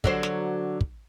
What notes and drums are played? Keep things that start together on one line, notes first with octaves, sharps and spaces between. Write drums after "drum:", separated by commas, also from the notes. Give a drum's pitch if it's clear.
D3 F#3 C5, drum: kick
drum: snare
drum: kick